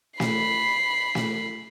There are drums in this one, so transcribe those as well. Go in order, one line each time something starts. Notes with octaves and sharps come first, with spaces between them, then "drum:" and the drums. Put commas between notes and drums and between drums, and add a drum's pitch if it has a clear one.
B5 C7, drum: snare
drum: snare